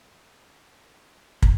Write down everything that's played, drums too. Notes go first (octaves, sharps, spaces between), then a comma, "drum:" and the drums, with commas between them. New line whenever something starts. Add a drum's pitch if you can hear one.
G4 C5 F5 A5 C6
A#4 C#6 A6
A#4 G5 A#5 F6
drum: kick